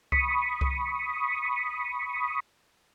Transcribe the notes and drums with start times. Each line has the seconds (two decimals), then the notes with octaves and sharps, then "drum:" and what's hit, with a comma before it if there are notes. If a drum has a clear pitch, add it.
0.12 B5 C#6 D#6, drum: kick C2
0.61 drum: kick C2